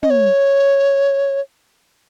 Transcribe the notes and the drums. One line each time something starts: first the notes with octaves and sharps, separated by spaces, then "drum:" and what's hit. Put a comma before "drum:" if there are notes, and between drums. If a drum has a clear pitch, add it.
D#5, drum: tom
C#5